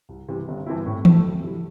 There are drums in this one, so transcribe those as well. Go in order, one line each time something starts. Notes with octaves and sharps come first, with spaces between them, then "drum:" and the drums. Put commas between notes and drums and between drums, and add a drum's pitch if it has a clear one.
C2
C3 E3 G3
G1
G2 E3 C4 E4
A2
A3 C4 E4, drum: tom E3
D2
C3 G3 E4